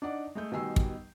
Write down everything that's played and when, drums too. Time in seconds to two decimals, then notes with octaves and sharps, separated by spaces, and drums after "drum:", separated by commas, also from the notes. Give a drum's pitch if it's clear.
0.02 D4 D#4 D5 F#5
0.35 G#3 A3 G6
0.52 B2 D#3 G3 G#5 E6 C7
0.76 drum: kick